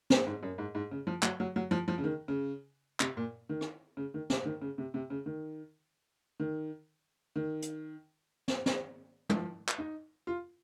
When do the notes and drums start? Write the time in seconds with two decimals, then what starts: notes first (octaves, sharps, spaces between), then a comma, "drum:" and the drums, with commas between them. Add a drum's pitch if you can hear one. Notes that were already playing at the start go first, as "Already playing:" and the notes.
0.10 A#2, drum: snare
0.27 G#2
0.43 F#2
0.58 G#2
0.75 G#2
0.91 C#3
1.07 F3
1.23 F#3, drum: clap
1.40 F#3
1.56 F#3
1.71 F3
1.88 F3
1.98 C#3
2.04 D#3
2.28 C#3
3.00 C3, drum: clap
3.17 A#2
3.49 D#3
3.61 drum: rim click
3.97 C#3
4.14 D#3
4.30 C3, drum: snare
4.45 D#3
4.61 C#3
4.78 C3
4.94 C3
5.10 C#3
5.26 D#3
6.40 D#3
7.36 D#3
7.62 drum: hi-hat
8.48 drum: snare
8.66 drum: snare
9.30 F3, drum: tom
9.68 drum: clap
9.78 D#4
10.27 F4